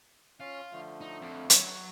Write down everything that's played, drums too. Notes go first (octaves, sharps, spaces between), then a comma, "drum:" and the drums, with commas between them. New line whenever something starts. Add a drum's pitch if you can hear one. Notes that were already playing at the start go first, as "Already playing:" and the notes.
C#4 F4
D3 F3 A3
D#4
F2
F#3 C#5, drum: hi-hat